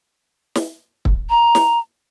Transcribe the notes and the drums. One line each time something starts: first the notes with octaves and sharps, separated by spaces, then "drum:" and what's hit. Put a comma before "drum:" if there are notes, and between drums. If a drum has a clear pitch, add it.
drum: snare
drum: kick
A#5
drum: snare